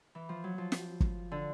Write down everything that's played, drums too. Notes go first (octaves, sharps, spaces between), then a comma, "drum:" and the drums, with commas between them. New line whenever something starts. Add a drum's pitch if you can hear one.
E3
F3
F#3
F3
drum: snare
drum: kick
D3